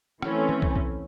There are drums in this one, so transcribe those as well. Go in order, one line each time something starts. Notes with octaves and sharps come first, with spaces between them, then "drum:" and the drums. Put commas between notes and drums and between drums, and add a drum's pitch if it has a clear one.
E3 A3 C4 C#4, drum: rim click
drum: tom D#3
drum: kick
drum: kick